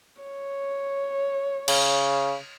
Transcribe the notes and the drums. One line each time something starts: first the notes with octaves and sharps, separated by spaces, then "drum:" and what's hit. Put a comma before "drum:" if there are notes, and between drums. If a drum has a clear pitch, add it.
C#5
C#3, drum: cymbal